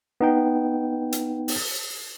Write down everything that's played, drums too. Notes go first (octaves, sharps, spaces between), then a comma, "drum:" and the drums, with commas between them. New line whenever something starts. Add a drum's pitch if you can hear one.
B3 D#4 G5
drum: hi-hat
drum: open hi-hat